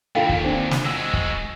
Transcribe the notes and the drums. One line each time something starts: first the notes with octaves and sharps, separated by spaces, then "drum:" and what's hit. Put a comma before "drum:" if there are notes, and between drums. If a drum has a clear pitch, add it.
D#2 A#2 F4 A4 F5 G5
drum: kick
C4 D4
drum: snare
G#3 F#4 E6
drum: kick